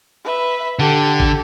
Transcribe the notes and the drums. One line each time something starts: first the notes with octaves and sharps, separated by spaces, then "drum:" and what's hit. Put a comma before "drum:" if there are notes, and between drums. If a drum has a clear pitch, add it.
B4 E5
D3 G4 A4
drum: kick